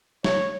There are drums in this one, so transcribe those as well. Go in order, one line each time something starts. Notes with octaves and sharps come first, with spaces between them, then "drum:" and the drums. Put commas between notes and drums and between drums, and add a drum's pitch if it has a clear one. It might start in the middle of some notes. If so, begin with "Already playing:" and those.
C#5, drum: snare